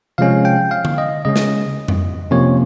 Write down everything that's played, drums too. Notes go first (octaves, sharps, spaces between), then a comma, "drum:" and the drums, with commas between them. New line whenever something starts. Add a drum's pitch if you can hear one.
C3 F3 G#3 C#4 F5
G5
F5
drum: tom D3
D#5
C#3 G#3 C#4 D#5
drum: snare
drum: tom F2
C3 F3 A#3 C#4 C#5